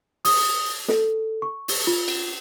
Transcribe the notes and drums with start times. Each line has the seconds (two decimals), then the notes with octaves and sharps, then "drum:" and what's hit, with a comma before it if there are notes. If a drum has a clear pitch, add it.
0.25 D#6, drum: open hi-hat
0.88 A4, drum: snare
1.42 C#6
1.68 drum: open hi-hat
1.87 F4
2.08 drum: cymbal